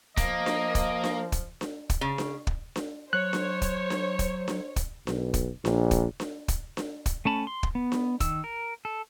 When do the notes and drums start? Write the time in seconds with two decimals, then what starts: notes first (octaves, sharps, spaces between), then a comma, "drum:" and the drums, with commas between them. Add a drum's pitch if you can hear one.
0.17 F3 A#3 D#5, drum: kick, hi-hat
0.46 drum: snare D4
0.75 drum: kick, hi-hat
1.04 drum: snare D4
1.32 drum: kick, hi-hat
1.61 drum: snare D4
1.90 drum: kick, hi-hat
2.01 C#3
2.18 drum: snare D4
2.47 drum: kick
2.76 drum: snare D4
3.13 F#3 C5 C#5 F#6
3.33 drum: snare D4
3.62 drum: kick, hi-hat
3.90 drum: snare D4
4.19 drum: kick, hi-hat
4.48 drum: snare D4
4.76 drum: kick, hi-hat
5.07 B1, drum: snare D4
5.34 drum: kick, hi-hat
5.65 A#1, drum: snare D4
5.91 drum: kick, hi-hat
6.20 drum: snare D4
6.48 drum: kick, hi-hat
6.77 drum: snare D4
7.06 drum: kick, hi-hat
7.25 A3 C#4 A5 B5
7.47 C6
7.63 drum: kick
7.75 B3
7.92 drum: snare D4
8.20 D#3 E6, drum: kick, hi-hat
8.44 A#4
8.85 A4